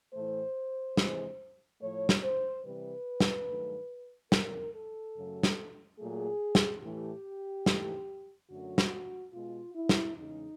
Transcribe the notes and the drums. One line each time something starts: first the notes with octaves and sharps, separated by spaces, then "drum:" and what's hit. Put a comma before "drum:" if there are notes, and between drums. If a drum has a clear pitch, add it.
A2 E3 A3 C5
C3 E3 G#3, drum: snare
A2 F3 A3 C#5
drum: snare
C5
C3 E3 G3 B4
drum: snare
G2 D#3 F#3 A3
E2 C#3 F#3 A#4, drum: snare
A4
F#2 C#3 F#3 A3
drum: snare
A#2 F#3 A3 G#4
drum: snare
A2 E3 A3 G4
G#2 E3 A3, drum: snare
F#2 D3 F#3 A3 F#4
drum: snare
B2 G#3 F4
E4
drum: snare
E2 C#3 E3 G#3 D#4